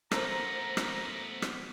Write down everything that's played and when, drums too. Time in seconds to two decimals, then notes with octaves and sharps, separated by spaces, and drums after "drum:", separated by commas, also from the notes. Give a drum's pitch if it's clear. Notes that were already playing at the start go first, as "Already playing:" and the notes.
0.11 A3 B3 A4 A#4 C5 A#5, drum: rim click
0.77 drum: rim click
1.42 drum: rim click